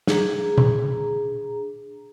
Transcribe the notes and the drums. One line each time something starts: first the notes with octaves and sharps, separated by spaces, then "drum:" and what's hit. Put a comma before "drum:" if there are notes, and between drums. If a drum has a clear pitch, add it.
D4 G#4 A#5, drum: snare
drum: tom A#2